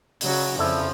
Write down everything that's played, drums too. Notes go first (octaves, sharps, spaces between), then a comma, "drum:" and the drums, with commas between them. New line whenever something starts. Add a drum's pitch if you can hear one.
C#3 F#3 F#4, drum: open hi-hat
F2 C#3 F3 E4 A4 D5